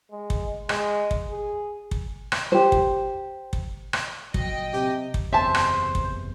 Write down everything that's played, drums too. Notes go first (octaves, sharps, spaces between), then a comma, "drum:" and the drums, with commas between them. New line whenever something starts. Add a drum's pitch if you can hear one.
G#3
drum: kick
G#3, drum: rim click
drum: kick
G#4
drum: kick
drum: rim click
G4 C5
drum: kick
drum: kick
drum: rim click
A#2 F#3 D#5 G5, drum: kick
C3 G4
drum: kick
F#1 E2 C3 C5 E5 G#5 A5
drum: rim click
drum: kick